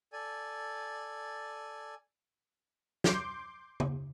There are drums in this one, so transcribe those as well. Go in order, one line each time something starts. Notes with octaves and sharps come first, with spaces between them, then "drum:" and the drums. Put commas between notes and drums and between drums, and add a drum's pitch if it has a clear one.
A4 D5 G#5
C6 D6 G6, drum: snare
drum: tom C#3